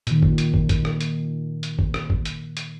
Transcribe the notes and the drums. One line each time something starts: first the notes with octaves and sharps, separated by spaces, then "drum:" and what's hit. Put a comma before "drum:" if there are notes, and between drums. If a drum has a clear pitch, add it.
A#2 D#3, drum: hi-hat
drum: kick
drum: hi-hat
drum: kick
drum: kick, hi-hat
drum: rim click
drum: hi-hat
drum: hi-hat
drum: kick
drum: rim click
drum: kick
drum: hi-hat
drum: hi-hat